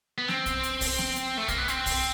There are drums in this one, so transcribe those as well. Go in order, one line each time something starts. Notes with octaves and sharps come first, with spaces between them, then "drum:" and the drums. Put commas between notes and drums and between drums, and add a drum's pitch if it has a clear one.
B3
C4, drum: snare B3
drum: kick B1, hi-hat
drum: hi-hat
drum: kick B1, open hi-hat
drum: snare B3
drum: hi-hat
A3
A#3, drum: kick B1, hi-hat
B3
C4, drum: hi-hat
drum: kick B1, open hi-hat